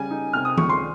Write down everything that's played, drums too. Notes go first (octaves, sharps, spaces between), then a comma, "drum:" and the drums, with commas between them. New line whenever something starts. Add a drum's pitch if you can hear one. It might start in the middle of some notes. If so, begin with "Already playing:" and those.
Already playing: C#3 G3 G#5
D#4
C3 F6
D#6
C#2 C#6, drum: tom D#3
C6